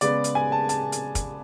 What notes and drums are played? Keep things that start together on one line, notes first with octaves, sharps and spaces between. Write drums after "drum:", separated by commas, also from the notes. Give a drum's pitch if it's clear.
C#3 G#3 B3 D5, drum: hi-hat
drum: hi-hat
G#5
A5
A5, drum: hi-hat
drum: hi-hat
drum: kick, hi-hat